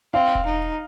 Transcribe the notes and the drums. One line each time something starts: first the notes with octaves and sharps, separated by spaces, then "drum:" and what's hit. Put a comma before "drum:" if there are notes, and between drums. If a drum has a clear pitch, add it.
C4 F5
drum: kick E1
D#4